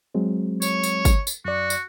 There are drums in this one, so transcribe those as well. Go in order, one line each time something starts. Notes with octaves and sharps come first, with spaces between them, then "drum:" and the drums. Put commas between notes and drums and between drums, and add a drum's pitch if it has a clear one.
F#3 G#3 C4
C#5, drum: tambourine
drum: tambourine
drum: kick, tambourine
drum: tambourine
F#2 F#4 D5
drum: tambourine